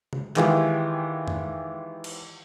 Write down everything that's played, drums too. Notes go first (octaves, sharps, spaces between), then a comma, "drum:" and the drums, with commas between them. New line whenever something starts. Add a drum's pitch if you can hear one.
drum: tom C3
D#3 E3 G#3 F4 G4, drum: clap
drum: tom F2
drum: cymbal